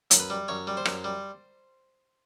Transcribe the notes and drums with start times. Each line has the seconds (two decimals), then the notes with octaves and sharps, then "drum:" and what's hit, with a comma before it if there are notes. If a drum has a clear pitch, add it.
0.11 F#2, drum: hi-hat
0.20 B4
0.30 G3
0.48 F#2 C#5
0.67 G3
0.77 C5
0.85 F#2, drum: rim click
1.04 G3